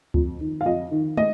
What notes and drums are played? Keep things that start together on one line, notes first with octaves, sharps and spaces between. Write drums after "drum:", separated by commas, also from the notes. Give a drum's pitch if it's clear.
F2, drum: kick C#2
D#3
F5
F2 D#5
D#3
D#5, drum: tom